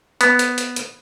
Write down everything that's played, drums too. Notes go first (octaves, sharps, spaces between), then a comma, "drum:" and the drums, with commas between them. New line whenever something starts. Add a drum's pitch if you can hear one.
B3, drum: hi-hat
drum: hi-hat
drum: hi-hat
drum: hi-hat